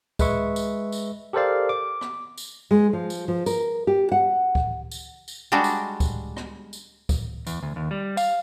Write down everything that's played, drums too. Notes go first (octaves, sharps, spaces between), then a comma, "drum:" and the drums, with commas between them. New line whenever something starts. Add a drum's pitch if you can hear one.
G#3 B4 E5 C#6, drum: kick C#2, tambourine
drum: tambourine
drum: tambourine
G4 A4 A#4 C5 D5 F5
D6
drum: rim click
drum: tambourine
G#3
F3
drum: tambourine
F3
A#4, drum: tambourine
G4
F#5
drum: kick C#2
drum: tambourine
drum: tambourine
G3 G#3 D4 F#4
drum: tambourine
drum: kick C#2, tambourine
drum: rim click
drum: tambourine
drum: kick C#2, tambourine
E2, drum: tambourine
D2
D#2
G3
F5, drum: tambourine